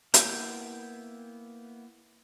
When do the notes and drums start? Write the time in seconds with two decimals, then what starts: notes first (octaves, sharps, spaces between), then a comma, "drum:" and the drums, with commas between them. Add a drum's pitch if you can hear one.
0.14 A#3 B3 E4 G5, drum: hi-hat